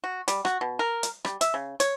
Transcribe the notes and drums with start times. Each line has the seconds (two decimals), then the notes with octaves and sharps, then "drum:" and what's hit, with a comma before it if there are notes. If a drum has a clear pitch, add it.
0.04 F#4
0.28 G3, drum: hi-hat
0.45 F#4, drum: rim click
0.61 B2
0.79 A#4
1.03 drum: hi-hat
1.25 G3, drum: rim click
1.41 E5, drum: hi-hat
1.54 C#3
1.80 C#5, drum: hi-hat